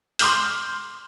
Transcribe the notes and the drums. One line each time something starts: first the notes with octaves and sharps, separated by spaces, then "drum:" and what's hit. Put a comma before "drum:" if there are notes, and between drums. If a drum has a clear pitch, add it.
C6 D6 F6 G6, drum: open hi-hat